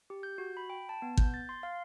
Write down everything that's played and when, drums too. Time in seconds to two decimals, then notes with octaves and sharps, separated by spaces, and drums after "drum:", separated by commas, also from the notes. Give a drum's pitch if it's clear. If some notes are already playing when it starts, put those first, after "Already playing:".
0.10 G4
0.23 G6
0.38 F#4
0.57 B5
0.70 G5
0.89 A5
1.02 B3
1.17 G6, drum: kick
1.34 A6
1.49 C6
1.63 F5